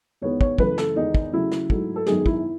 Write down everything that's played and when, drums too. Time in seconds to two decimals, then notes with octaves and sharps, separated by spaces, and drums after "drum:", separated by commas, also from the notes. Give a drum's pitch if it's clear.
0.21 E2 D#3 G#3 B3 C#5
0.41 C#5, drum: kick
0.58 F#2 C#3 E3 A3 B4, drum: kick
0.78 A4, drum: snare
0.96 E2 D#3 G#3 B3 D#4
1.15 drum: kick
1.33 C#3 F#3 A3 E4
1.51 drum: snare
1.70 G#2 F#3 A3, drum: kick
1.96 A4
2.06 F#2 D#3 G#3 B3 G#4, drum: snare
2.26 E4, drum: kick